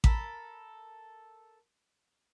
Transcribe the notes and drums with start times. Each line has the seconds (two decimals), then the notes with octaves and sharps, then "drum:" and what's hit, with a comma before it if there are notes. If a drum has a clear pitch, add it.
0.04 A4 A#4 B5, drum: kick A1